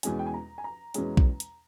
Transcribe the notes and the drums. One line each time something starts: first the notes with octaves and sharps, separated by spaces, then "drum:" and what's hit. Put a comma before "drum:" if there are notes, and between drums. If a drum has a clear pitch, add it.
E2 B2 G#3 C#4 G#5, drum: hi-hat
G5
G#5
A#5
G#5
A#5
E2 B2 G#3 C#4, drum: hi-hat
drum: kick B1
drum: hi-hat